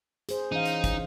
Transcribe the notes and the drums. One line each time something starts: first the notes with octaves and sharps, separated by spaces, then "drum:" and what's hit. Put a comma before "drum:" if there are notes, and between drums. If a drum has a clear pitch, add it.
G#4 C5, drum: hi-hat
E3 C#4 D#4 F5
drum: hi-hat
drum: kick, hi-hat